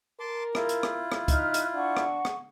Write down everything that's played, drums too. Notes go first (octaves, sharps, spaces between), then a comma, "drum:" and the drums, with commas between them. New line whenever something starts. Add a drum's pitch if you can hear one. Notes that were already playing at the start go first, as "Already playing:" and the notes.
A#4 A5 C6 D6
E4 F4, drum: rim click
drum: hi-hat
drum: rim click
drum: rim click
D#4 E5 F6 F#6, drum: kick, hi-hat
drum: hi-hat
D4 F#5 C#6
drum: rim click
drum: rim click